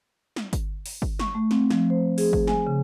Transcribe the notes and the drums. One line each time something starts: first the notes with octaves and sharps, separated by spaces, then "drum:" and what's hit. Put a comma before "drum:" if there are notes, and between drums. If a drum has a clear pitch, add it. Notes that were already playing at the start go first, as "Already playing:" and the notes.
drum: snare
drum: kick G1, hi-hat
drum: open hi-hat
drum: kick G1
C#6, drum: snare
A3
C4, drum: snare
F3, drum: snare
C5
G#4, drum: open hi-hat
drum: kick G1
G#5, drum: snare
C#3